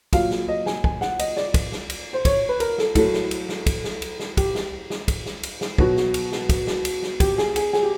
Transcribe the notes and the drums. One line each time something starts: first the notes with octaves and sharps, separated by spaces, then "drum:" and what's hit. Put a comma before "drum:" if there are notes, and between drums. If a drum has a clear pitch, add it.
A#2 F#3 F5, drum: kick, cymbal
drum: snare
D#5
G#5, drum: snare
G#5, drum: kick
F#5, drum: snare
D#5, drum: cymbal
D5, drum: snare
drum: kick, cymbal
drum: snare
drum: cymbal
C5
C#5, drum: kick, cymbal
B4
A#4, drum: cymbal
A4, drum: snare
A2 F#3 A4, drum: kick, cymbal
drum: snare
drum: cymbal
drum: snare
drum: kick, cymbal
drum: snare
drum: cymbal
drum: snare
G4, drum: kick, cymbal
drum: snare
drum: snare
drum: kick, cymbal
drum: snare
drum: cymbal
drum: snare
B2 F#3 F#4, drum: kick
drum: snare
drum: cymbal
drum: snare
drum: kick, cymbal
drum: snare
drum: cymbal
drum: snare
G4, drum: kick, cymbal
G#4, drum: snare
G#4, drum: cymbal
G#4, drum: snare
G4